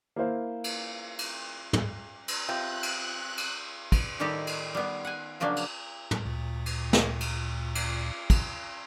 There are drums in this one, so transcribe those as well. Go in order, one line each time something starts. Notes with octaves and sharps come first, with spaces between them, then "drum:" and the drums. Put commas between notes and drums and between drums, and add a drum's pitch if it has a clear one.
A#3 E4 C5 F5
drum: cymbal
drum: cymbal
drum: tom
drum: cymbal
C3 F4 G5 F#6
drum: cymbal
drum: cymbal
drum: kick, cymbal
A2 D#3 G3 D#4 G4 A4
drum: cymbal
G3 B3
F#5 G#5
C#3 F3 F#3 A#3 D4
drum: cymbal
drum: tom
D2 A#2
drum: cymbal
drum: snare
drum: cymbal
drum: cymbal
drum: kick, cymbal